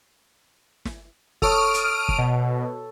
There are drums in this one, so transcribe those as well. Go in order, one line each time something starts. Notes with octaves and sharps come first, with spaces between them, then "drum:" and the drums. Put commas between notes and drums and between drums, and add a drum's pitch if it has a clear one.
drum: snare
A4 C#5 D#6 F6 D7, drum: kick
drum: hi-hat
drum: kick
B2